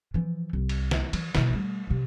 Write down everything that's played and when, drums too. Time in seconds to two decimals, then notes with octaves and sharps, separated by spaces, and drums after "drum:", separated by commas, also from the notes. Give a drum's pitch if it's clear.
0.14 E3 F3
0.53 C2
0.69 drum: cymbal
0.91 drum: snare
1.13 E3, drum: cymbal
1.35 B2 D#3, drum: snare
1.49 G3 A3
1.87 C3 F3